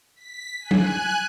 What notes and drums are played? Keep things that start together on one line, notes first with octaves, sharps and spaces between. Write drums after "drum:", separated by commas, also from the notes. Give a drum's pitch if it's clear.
B6
G#5 F#6
drum: tom